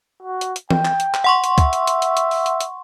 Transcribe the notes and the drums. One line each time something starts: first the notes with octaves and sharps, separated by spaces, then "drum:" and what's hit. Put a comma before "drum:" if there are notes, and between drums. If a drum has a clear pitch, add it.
F#4
drum: hi-hat
drum: hi-hat
G5, drum: tom E3
drum: clap
drum: hi-hat
drum: clap
F#5 C6 C#6
drum: hi-hat
E5, drum: kick, hi-hat
drum: hi-hat
drum: hi-hat
drum: hi-hat
drum: hi-hat
drum: open hi-hat
drum: hi-hat
drum: hi-hat